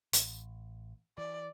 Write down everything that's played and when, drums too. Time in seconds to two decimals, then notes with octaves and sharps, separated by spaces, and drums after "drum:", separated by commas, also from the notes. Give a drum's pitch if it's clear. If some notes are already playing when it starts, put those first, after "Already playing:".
0.13 A1, drum: hi-hat
1.18 E3 D5